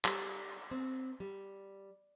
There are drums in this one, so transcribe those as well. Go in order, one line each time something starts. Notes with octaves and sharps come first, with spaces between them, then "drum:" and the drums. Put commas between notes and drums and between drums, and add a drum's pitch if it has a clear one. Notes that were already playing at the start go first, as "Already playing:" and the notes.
G3, drum: clap
C4
G3